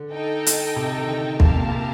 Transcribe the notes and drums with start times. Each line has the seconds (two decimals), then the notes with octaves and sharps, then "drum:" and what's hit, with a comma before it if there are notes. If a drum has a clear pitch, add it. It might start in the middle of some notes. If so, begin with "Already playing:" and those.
Already playing: D3
0.13 D#4 A4 D#5 G5
0.47 drum: hi-hat
0.76 C3
0.97 D#3
1.08 D3
1.40 C3 G4 A#4 F5 A5, drum: kick
1.56 A#2
1.71 C3